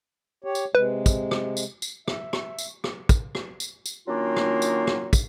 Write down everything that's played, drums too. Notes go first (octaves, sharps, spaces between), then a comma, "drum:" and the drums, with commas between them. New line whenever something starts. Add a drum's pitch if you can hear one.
G4 C#5
drum: tambourine
C3 G#3 B4
drum: kick, tambourine
drum: rim click
drum: tambourine
drum: tambourine
E5, drum: rim click
drum: rim click
drum: tambourine
drum: rim click
drum: kick, tambourine
drum: rim click
drum: tambourine
drum: tambourine
D#3 F#3 A#3 C#4 D4 F4
drum: rim click
drum: tambourine
drum: rim click
drum: kick, tambourine